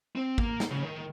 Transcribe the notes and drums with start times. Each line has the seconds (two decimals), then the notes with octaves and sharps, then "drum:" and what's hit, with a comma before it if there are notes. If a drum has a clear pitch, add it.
0.16 C4
0.38 A#3, drum: kick
0.60 drum: snare
0.71 C#3
0.83 D#3